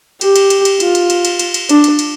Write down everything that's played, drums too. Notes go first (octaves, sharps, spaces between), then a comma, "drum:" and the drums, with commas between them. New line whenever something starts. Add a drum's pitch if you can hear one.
G4, drum: cymbal
drum: cymbal
drum: cymbal
drum: cymbal
F4, drum: cymbal
drum: cymbal
drum: cymbal
drum: cymbal
drum: cymbal
drum: cymbal
D4, drum: cymbal
drum: cymbal
drum: cymbal